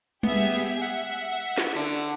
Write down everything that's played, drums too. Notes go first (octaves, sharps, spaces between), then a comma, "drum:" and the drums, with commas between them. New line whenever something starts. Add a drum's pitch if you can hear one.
B3 G4 G#4 E5, drum: tom G3
E5 F#5
drum: hi-hat
drum: snare
D3